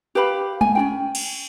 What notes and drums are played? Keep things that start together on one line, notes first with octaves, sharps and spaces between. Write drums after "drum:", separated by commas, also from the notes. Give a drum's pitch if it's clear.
G4 B4 F5 B5
G#5, drum: tom
C#4 F4 G5
drum: cymbal